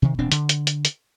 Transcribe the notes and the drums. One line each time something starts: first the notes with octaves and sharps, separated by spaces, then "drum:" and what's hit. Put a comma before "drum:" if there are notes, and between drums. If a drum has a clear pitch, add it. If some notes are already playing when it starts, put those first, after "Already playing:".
C3 D#3
E1 B2 C4 D4
D3, drum: hi-hat
drum: hi-hat
drum: hi-hat
drum: hi-hat